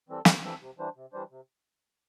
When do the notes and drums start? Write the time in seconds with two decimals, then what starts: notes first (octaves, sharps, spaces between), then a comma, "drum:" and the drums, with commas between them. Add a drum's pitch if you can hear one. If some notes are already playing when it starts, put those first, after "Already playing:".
0.09 E3 G3 C4 A4
0.25 C3, drum: snare
0.43 E3 G3 C4 A4
0.61 C3
0.78 E3 G3 D4 C5
0.96 C3
1.13 E3 G3 D4 C5
1.31 C3